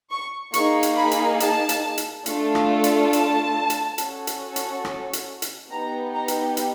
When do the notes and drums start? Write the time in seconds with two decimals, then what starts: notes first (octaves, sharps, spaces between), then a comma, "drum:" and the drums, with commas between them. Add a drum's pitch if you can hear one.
0.11 C#6
0.54 A#3 D#4 G#4 C#6, drum: hi-hat
0.83 drum: hi-hat
0.96 B5
1.11 drum: hi-hat
1.40 A5, drum: hi-hat
1.69 drum: hi-hat
1.98 drum: hi-hat
2.26 A3 D4 F4 A4, drum: hi-hat
2.55 drum: rim click
2.84 drum: hi-hat
3.13 A5, drum: hi-hat
3.70 drum: hi-hat
3.98 C#4 F#4 A4, drum: hi-hat
4.27 drum: hi-hat
4.56 drum: hi-hat
4.85 drum: rim click
5.13 drum: hi-hat
5.42 drum: hi-hat
5.71 B3 D#4 G4 A#5
6.14 A#5
6.28 drum: hi-hat
6.57 drum: hi-hat